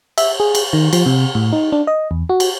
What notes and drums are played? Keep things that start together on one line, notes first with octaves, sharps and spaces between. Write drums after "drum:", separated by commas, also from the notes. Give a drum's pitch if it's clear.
E5, drum: cymbal
G#4
drum: cymbal
D#3
F3, drum: cymbal
C3
A2
D#4
D4
D#5
E2
F#4
drum: cymbal